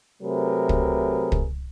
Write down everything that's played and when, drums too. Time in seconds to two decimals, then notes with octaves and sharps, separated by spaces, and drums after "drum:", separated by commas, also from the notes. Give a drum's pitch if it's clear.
0.22 C3 F#3 A3 G#4 A#4 B4
0.69 drum: kick
1.32 drum: kick